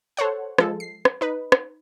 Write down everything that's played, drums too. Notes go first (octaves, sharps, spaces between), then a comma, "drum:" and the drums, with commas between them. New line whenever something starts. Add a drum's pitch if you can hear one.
A4 C5 C#5 F#5
F3 G#3 A4, drum: rim click
C7
drum: rim click
D#4 B4
drum: rim click